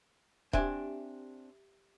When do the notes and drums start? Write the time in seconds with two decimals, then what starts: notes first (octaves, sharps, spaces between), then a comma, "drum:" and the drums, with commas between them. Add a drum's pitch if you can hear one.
0.53 C4 D4 G4 E5 G#5, drum: kick D#1